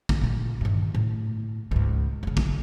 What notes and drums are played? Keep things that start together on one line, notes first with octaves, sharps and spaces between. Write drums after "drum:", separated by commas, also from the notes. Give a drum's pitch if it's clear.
drum: kick
A#2 F4
G2 D#3
A2
C#2 G#2
F#1 C#3
drum: kick